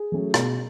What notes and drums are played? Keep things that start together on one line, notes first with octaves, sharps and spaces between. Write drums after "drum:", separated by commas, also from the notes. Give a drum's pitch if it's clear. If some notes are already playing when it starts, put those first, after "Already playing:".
Already playing: G#4
F#3 A3 C#4
B2, drum: rim click